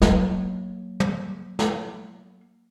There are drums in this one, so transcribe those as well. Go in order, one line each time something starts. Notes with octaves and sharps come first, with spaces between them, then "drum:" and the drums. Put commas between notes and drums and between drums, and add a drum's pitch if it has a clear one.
F#3 A#3, drum: snare
drum: tom
drum: snare